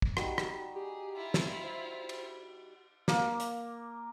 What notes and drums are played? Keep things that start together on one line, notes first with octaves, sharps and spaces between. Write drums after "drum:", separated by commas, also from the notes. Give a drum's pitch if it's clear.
drum: kick
G3 D#4 F#4, drum: rim click
drum: rim click
G4 G#4
E4 F4
drum: snare
C5
drum: cymbal
A#3, drum: snare
drum: hi-hat